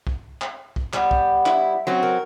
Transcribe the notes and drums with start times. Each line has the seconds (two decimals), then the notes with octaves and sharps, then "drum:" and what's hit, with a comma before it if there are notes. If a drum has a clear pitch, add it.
0.07 drum: kick
0.41 drum: clap
0.76 drum: kick
0.93 G3 B3, drum: clap
1.11 drum: kick
1.46 E4, drum: clap
1.87 F#3 C4 C#4
2.03 A#4